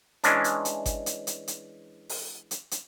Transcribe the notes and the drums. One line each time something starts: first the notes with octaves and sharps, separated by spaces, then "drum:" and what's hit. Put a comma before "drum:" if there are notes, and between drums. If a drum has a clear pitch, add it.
E3 G#3 C#4 D4, drum: hi-hat
drum: hi-hat
drum: hi-hat
drum: kick G1, hi-hat
drum: hi-hat
drum: hi-hat
drum: hi-hat
drum: open hi-hat
drum: hi-hat
drum: hi-hat